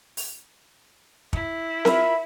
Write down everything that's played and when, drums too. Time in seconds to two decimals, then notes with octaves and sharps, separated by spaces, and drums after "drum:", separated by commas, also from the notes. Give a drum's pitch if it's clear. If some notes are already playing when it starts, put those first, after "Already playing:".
0.17 drum: open hi-hat
1.33 E4, drum: kick
1.85 F4 A#4 E5 B5, drum: snare C4